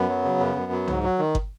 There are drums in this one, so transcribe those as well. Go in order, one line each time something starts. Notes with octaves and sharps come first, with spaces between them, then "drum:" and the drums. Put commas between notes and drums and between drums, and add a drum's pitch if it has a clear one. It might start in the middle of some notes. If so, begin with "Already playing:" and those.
Already playing: F#2 B3
F#3
C#3
F#2
F#2
F#3
G#2, drum: tom C2
F#3
D#3
drum: kick G1